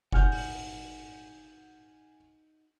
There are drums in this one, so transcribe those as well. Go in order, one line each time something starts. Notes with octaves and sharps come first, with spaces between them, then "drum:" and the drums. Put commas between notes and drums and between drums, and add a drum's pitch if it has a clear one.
D#4 F#4 F#5 G#5 F6 G6, drum: kick F1
drum: open hi-hat